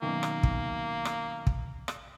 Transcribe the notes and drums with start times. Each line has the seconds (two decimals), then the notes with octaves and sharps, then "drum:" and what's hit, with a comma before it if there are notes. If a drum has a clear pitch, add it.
0.02 F#2 B2 D#3 A#3
0.23 drum: rim click
0.43 drum: kick
1.05 drum: rim click
1.47 drum: kick
1.88 drum: rim click